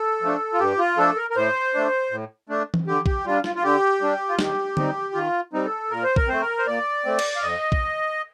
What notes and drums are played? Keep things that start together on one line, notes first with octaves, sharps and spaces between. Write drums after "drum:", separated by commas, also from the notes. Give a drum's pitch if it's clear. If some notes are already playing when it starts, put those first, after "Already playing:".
Already playing: A4
F3 A3 D4
F4
G2 G4
F4
F3 A3 D4 A4
A#4
A#4
A2 C5
A3 D4
A2
A3 D4
drum: tom E3
D3 G4
G4, drum: kick A#1
G3 D4 F4
F4, drum: snare
F4
D3 G4
G3 D4
F4
D#3 G4, drum: snare
G3 C4 D#4, drum: tom D3
D#3 F4
G3 C4 D#4
A4
A#2 A#4
C5
A#4, drum: kick A#1
A3 C4 C5
A#4
C5
A#2 D5
A3 C4
drum: cymbal
F5
F2 D#5
drum: kick A#1